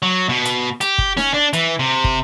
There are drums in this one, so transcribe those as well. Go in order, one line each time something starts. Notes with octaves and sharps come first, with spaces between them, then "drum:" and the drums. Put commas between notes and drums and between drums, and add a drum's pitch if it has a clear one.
F#3
B2
drum: hi-hat
G4, drum: hi-hat
drum: kick
C#4, drum: snare D#4
D4
E3, drum: hi-hat
C3
drum: kick